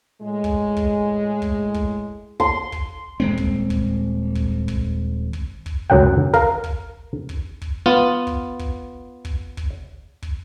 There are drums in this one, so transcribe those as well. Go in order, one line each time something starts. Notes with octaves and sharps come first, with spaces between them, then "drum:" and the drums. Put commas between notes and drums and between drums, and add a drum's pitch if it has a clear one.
A2 G#3
drum: kick
drum: kick
drum: kick
drum: kick
C6, drum: kick
drum: kick
D#1 G#3 C4
drum: kick
drum: kick
drum: kick
drum: kick
drum: kick
drum: kick
C#2 F#2 F#3 F#5 G5
A#4 F5, drum: kick
drum: kick
drum: kick
drum: kick
B3 F4
drum: kick
drum: kick
drum: kick
drum: kick
drum: kick